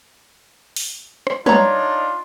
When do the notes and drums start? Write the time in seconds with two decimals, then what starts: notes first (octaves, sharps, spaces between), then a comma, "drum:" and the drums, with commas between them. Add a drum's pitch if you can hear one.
0.76 drum: open hi-hat
1.27 drum: rim click
1.46 D4 D#4 F4 B4 C#5 A#5, drum: tom